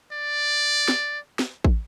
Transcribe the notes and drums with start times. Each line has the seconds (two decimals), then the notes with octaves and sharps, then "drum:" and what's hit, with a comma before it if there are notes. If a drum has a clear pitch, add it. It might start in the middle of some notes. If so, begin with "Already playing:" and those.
0.12 D5
0.88 drum: snare
1.39 drum: snare
1.64 drum: kick